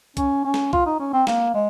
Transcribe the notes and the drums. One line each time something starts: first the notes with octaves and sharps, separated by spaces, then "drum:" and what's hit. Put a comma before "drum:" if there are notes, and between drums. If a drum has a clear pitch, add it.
C#4, drum: kick B1, hi-hat
C#4
drum: snare
F4, drum: kick B1
D#4
C#4
C4
A#3, drum: snare
G#3